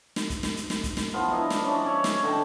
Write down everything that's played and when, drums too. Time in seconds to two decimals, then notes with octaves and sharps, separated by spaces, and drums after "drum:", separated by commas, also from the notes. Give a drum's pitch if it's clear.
0.16 drum: snare
0.30 drum: kick, hi-hat
0.43 drum: snare
0.56 drum: hi-hat
0.70 drum: snare
0.83 drum: kick, hi-hat
0.97 drum: snare
1.14 E3 F3 B3 F4
1.31 D4 E4 A#4 D#5
1.50 drum: snare
1.64 F3 C#4 B4 D5
1.85 C#4 C#5 E5
2.04 drum: snare
2.23 D3 D#5 G5 A5